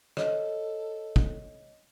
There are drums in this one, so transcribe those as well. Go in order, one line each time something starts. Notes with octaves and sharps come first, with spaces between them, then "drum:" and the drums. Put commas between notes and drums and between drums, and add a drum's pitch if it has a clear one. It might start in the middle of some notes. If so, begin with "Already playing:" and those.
A4 C#5 D#5, drum: rim click
drum: kick